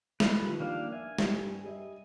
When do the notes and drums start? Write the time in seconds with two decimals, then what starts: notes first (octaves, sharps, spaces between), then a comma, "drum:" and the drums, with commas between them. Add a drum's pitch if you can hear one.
0.20 B4, drum: snare
0.42 D#3 F3 G3
0.60 A#3 D4 F5
0.92 E5 G#5
1.18 G2 G3, drum: snare
1.64 G3 D#5 E5